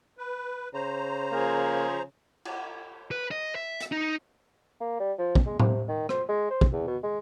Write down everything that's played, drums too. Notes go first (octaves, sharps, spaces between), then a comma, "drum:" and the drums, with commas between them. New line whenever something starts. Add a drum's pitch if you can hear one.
B4
C#3 C5 A#5
F3 A#3 G#4
drum: cymbal
B4
D#5
E5
drum: hi-hat
D#4
A#3
G3
F3
drum: kick
G#3
C3, drum: tom A2
D#3
C5, drum: rim click
G#3
C5
drum: kick
E2
B2
G#3